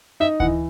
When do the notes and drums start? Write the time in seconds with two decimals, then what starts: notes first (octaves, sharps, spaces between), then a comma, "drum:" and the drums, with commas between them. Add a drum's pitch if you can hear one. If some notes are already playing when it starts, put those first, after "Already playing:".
0.20 D#4 E5
0.40 E3 F#5, drum: kick D2